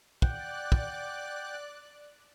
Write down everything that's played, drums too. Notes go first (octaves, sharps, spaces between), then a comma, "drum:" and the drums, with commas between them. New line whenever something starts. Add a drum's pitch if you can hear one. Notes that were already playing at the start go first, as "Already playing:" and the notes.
D5 F#5 G5 F#6, drum: kick
drum: kick